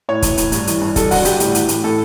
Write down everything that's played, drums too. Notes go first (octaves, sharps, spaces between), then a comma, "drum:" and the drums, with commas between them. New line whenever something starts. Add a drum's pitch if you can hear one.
A2 C#5
E3, drum: kick, hi-hat
A2, drum: hi-hat
G2, drum: hi-hat
E3, drum: hi-hat
G2
G2 A4, drum: kick, hi-hat
D3 F#4, drum: open hi-hat
G2 G4, drum: hi-hat
A2, drum: hi-hat
E3, drum: hi-hat
A2, drum: hi-hat
A2 A4